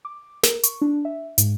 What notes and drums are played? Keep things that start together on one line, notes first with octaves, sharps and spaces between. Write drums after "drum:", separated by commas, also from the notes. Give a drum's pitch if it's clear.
D6
A#4, drum: snare
C#6, drum: hi-hat
D4
E5
G#2, drum: hi-hat